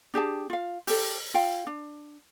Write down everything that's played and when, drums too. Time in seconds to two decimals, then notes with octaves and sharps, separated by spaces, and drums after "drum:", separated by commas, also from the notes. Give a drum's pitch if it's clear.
0.14 D4 G4 G#4 A5
0.50 F4 F5
0.87 G4 A4, drum: open hi-hat
1.34 F4 F5 G5
1.67 D4